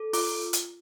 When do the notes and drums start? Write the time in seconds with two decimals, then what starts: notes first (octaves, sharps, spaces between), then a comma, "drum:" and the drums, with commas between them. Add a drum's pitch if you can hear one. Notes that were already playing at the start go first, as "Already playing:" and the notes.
Already playing: A4
0.13 F4 D6, drum: open hi-hat
0.53 drum: hi-hat